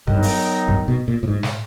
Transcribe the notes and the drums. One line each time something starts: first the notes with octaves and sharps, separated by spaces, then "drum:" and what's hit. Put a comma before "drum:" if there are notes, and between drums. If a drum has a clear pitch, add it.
G2 D#3 F#3 B3 D#4, drum: kick
drum: open hi-hat
G2, drum: kick
B2
A#2
A2
G#2
drum: snare